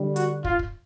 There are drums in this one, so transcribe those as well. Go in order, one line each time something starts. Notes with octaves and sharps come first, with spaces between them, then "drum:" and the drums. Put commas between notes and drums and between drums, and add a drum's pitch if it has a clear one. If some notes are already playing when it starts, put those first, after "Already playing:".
Already playing: D3 G3
F#4, drum: hi-hat
F4, drum: kick
drum: kick